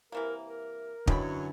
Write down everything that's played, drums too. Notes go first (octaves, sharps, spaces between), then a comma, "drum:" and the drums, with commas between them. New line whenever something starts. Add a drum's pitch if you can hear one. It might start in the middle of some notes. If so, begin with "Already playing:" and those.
C3 E3 A#3 A#4
A#4
F#2 D3 E4 B4 C#5 D#5 G5 B5, drum: kick